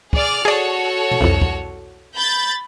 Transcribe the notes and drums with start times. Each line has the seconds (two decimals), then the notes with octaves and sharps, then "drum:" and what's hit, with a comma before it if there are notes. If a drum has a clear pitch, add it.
0.13 G#4 D5 F6, drum: kick
0.45 F#4 G#4 A4 C#5 D5
1.11 drum: tom
1.21 C2 F2
1.42 drum: kick
2.15 B5 G6 A6